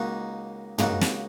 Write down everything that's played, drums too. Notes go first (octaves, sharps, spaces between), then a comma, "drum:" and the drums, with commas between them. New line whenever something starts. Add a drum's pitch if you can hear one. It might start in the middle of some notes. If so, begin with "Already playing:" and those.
Already playing: C#2 C#3 A#3 D#4 F#4
C#2 C#3 A#3 D#4 F#4, drum: tom
drum: snare